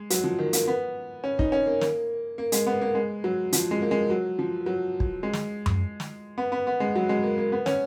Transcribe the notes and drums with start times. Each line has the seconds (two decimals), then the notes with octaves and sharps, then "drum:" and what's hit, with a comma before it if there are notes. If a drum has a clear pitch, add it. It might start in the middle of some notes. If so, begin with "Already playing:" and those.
Already playing: G#3
0.10 F#3, drum: hi-hat
0.24 F3
0.39 D#3
0.53 A#3, drum: hi-hat
0.67 B3
1.24 C#4
1.39 D#4, drum: kick
1.52 C#4
1.67 A#3
1.81 A#3, drum: snare
2.38 A#3
2.52 G#3, drum: hi-hat
2.67 B3
2.81 A#3
2.95 G#3
3.24 F#3
3.53 F3, drum: hi-hat
3.71 G#3
3.82 A#3
3.91 G#3
4.10 F#3
4.39 F3
4.66 F#3
5.00 drum: kick
5.23 G#3
5.33 drum: snare
5.66 drum: tom F#2
6.00 drum: snare
6.38 B3
6.52 B3
6.67 B3
6.80 G#3
6.95 F#3
7.09 G#3
7.23 A#3
7.38 A#3
7.52 B3
7.66 C#4, drum: snare